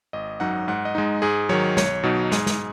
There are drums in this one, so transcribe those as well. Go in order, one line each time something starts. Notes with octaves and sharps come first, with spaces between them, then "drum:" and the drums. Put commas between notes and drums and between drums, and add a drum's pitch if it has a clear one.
G#1 D#5
F#2 F#3 D#4 F#5
G#2 F#5
D#5
G#3 D#4
G#2 G#4
D#3 F#3 C#5
B1 C#5, drum: snare
B2 F#3 D#4
G#2 G#4, drum: snare
drum: snare